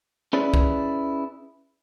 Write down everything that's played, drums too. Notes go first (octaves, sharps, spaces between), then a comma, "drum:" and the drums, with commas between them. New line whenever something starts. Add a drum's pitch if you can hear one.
C#4 E4 G#4 B4 D5
drum: kick C2